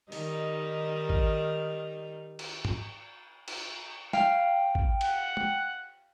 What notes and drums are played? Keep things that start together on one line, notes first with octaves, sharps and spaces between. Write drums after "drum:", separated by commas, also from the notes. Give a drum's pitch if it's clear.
D#3 G3 D#4, drum: open hi-hat
drum: kick G#1
drum: cymbal
drum: tom
drum: cymbal
F5 G5, drum: snare
drum: kick G#1
F#5, drum: cymbal
drum: tom